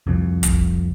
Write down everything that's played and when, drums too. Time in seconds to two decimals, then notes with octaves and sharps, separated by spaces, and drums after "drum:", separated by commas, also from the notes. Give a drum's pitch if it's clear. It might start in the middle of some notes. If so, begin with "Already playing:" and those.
0.07 C2 F2
0.43 drum: kick, hi-hat